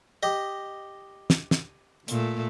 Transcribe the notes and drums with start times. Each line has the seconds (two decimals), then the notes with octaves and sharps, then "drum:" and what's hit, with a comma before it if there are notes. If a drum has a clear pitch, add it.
0.23 G4 D#5
1.30 drum: snare
1.51 drum: snare
2.08 A#2 A3, drum: hi-hat